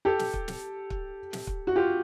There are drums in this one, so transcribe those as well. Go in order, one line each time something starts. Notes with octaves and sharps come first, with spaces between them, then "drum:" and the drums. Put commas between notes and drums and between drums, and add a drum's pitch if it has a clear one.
G4 A4
drum: snare
drum: kick
drum: snare
drum: kick
drum: snare
drum: kick
F#4
F4 G4